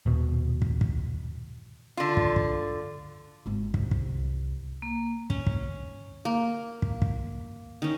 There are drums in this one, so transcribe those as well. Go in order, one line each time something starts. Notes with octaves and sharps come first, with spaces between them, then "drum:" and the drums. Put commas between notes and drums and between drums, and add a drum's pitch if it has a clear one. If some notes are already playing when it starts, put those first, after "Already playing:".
D#1 B2
drum: kick
drum: kick
D3 F4
drum: kick
drum: kick
G#1 C4
C2, drum: kick
drum: kick
A#3
C#4, drum: kick
drum: kick
A#3
drum: kick
drum: kick
D#3 C#4